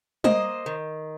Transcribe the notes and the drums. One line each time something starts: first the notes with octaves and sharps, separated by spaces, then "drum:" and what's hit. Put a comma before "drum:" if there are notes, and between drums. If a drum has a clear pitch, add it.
A#3 C5 D#5, drum: tom G3
D#3